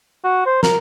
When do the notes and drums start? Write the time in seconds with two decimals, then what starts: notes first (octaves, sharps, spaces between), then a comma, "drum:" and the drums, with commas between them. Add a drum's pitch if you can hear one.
0.24 F#4
0.46 C5
0.63 A#4, drum: snare